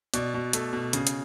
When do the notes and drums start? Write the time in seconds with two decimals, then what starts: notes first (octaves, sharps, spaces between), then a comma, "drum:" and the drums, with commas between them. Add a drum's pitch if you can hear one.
0.14 B2 D5, drum: hi-hat
0.34 B2
0.53 A3, drum: hi-hat
0.73 B2
0.93 C#3, drum: hi-hat
1.07 drum: hi-hat